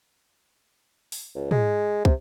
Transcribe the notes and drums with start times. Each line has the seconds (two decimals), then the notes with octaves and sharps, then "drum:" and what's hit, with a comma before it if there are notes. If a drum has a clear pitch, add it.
1.12 drum: open hi-hat
1.36 C#2
1.51 G#3, drum: tom
2.05 C3, drum: kick